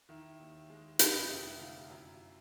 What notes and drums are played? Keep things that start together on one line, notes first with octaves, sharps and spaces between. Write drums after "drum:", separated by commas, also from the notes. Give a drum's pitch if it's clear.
D#3 E4
D#2
G#3
F2 D#4, drum: hi-hat
F1 E4
D3 F4
F#2 E4